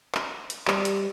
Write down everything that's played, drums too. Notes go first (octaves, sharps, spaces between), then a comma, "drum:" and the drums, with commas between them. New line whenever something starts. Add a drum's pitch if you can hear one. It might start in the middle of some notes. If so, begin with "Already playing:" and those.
drum: clap
drum: hi-hat
G3, drum: clap
drum: hi-hat